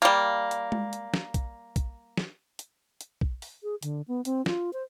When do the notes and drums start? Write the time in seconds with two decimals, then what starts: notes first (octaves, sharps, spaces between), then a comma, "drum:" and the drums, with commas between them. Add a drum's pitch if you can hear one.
0.02 G3 A#3
0.51 drum: hi-hat
0.72 drum: tom G#3
0.93 drum: hi-hat
1.14 drum: snare
1.34 drum: kick B1, hi-hat
1.76 drum: kick B1, hi-hat
2.17 drum: snare
2.59 drum: hi-hat
3.01 drum: hi-hat
3.21 drum: kick B1
3.42 drum: open hi-hat
3.63 G#4
3.83 D3, drum: hi-hat
4.08 B3
4.25 C4, drum: hi-hat
4.46 F4, drum: snare
4.73 C5